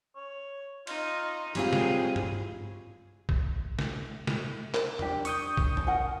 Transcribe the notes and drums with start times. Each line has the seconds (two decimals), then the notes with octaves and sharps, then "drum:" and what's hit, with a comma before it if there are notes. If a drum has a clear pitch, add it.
0.16 C#5
0.87 D#4 F4, drum: cymbal
1.55 F#3 G3 C4 F4 G#4, drum: cymbal
1.73 drum: snare
2.16 drum: tom G2
3.29 drum: kick
3.79 drum: snare
4.27 drum: snare
4.74 A#4, drum: clap
4.99 D4 G4, drum: tom E2
5.25 D4 C#6 D#6 G6, drum: hi-hat
5.57 drum: kick
5.77 drum: tom E2
5.87 A#4 F#5 G#5